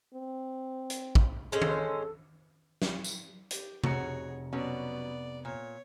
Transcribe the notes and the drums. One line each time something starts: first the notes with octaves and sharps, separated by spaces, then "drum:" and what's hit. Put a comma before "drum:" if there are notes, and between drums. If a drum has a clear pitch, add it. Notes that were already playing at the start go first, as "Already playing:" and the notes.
C4
drum: hi-hat
drum: kick
G#3 C#4 A4 C5
drum: tom D#3
drum: snare
drum: tambourine
G4, drum: hi-hat
F1 F#4 G#4 C#5 A#5 C#7, drum: tom C3
B2 F#3 B3 C#4 D5
A#2 C#5